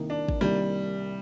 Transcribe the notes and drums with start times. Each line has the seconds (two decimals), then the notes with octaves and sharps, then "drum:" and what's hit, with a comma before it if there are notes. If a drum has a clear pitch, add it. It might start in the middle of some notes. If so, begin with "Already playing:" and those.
Already playing: C2 C3 D#3 A#3 D#4
0.10 D4
0.28 drum: kick
0.41 C2 C3 D#3 G3 A#3 D4